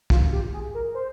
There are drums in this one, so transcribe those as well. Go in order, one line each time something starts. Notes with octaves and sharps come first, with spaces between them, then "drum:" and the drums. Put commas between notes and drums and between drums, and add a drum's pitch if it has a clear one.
F4, drum: kick
G4
G#4
A#4
C5